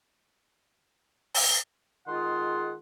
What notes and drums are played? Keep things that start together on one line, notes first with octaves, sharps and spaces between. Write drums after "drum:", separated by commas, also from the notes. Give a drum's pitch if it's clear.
drum: open hi-hat
D#3 G#3 F4 G#4 F#5 C6